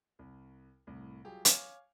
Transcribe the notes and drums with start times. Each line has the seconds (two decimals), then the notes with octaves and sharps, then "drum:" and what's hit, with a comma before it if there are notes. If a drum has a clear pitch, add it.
0.19 C2
0.87 C2 A2
1.25 F#3 G3 F4 G4 G#4
1.45 C#5 F5 G#5 D6 F6, drum: hi-hat